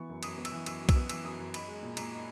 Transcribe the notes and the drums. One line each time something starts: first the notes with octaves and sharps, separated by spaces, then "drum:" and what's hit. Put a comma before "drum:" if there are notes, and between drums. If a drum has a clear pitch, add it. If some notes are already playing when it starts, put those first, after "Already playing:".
Already playing: E3 B3 C#6
F#2
F#2 D#6, drum: cymbal
B3
E6, drum: cymbal
E3
F#2 E6, drum: cymbal
F#2
E6, drum: kick B1, cymbal
B3
E3 E6, drum: cymbal
F#2 D#6
F#2
D#4 B5, drum: cymbal
G#3
A#2
A#2 A#5, drum: cymbal
D#4